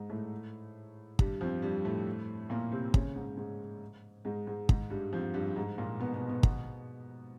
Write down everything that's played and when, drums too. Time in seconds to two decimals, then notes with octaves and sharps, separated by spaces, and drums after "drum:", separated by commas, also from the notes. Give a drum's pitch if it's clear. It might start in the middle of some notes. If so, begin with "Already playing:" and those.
Already playing: G#2 G#3
0.10 A2 A3
1.19 G2 G3, drum: kick
1.41 F2 F3
1.62 G2 G3
1.85 A2 A3
2.50 A#2 A#3
2.72 C3 C4
2.94 C#3 C#4, drum: kick
3.16 G#2 G#3
3.37 G#2 G#3
4.25 G#2 G#3
4.47 G#2 G#3
4.69 G#2 G#3, drum: kick
4.90 G2 G3
5.13 F2 F3
5.34 G2 G3
5.56 G#2 G#3
5.78 A#2 A#3
5.99 B2 B3
6.14 B2 B3
6.29 B2 B3
6.43 B2 B3, drum: kick